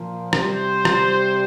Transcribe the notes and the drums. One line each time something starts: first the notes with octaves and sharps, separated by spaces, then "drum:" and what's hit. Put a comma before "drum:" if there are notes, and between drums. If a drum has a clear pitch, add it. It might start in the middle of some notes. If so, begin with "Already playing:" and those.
Already playing: A#2 F3
C3 G3 C5, drum: rim click
drum: rim click